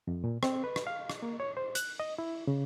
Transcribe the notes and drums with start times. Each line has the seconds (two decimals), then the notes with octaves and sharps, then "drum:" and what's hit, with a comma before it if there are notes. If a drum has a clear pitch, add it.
0.07 F2
0.24 A#2
0.43 C4, drum: rim click
0.64 B4
0.76 drum: rim click
0.87 F5
1.10 drum: rim click
1.22 A#3
1.40 C#5
1.57 C5
1.75 F#6, drum: hi-hat
2.00 D#5
2.18 E4
2.47 C#3